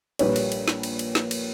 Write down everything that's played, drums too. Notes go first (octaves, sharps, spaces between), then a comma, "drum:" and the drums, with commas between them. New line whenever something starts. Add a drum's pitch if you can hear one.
A#1 A#2 G3 A#3 B4 C#5, drum: cymbal
drum: cymbal
drum: cymbal
drum: snare
drum: cymbal
drum: cymbal
drum: snare
drum: cymbal